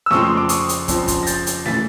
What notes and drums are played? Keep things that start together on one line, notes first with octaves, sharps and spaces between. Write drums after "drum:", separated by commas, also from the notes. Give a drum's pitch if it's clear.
E6
F2 C#3 F3 G#3 C4 C#6 D#6, drum: snare
D6
C#6 D#6, drum: hi-hat
drum: hi-hat
F2 C#3 F3 G#3 C4, drum: kick, hi-hat
drum: kick, hi-hat
A#6
G6 A6, drum: hi-hat
drum: hi-hat
C#3 E3 A6 B6, drum: snare